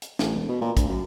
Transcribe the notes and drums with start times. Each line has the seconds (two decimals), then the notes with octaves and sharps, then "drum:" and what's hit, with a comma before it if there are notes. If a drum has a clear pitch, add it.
0.02 drum: hi-hat
0.19 A1, drum: snare
0.35 E1
0.49 B2
0.61 A#2
0.77 D2, drum: kick, hi-hat
0.88 F#2